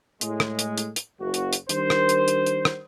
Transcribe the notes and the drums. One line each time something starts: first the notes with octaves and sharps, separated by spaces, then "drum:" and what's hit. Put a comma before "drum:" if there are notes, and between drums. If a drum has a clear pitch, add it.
A2 G#3, drum: hi-hat
drum: rim click
drum: hi-hat
drum: hi-hat
drum: hi-hat
F#1 F#4
drum: hi-hat
drum: hi-hat
D#3 G3 D4 A#4 C5, drum: hi-hat
drum: rim click
drum: hi-hat
drum: hi-hat
drum: hi-hat
drum: rim click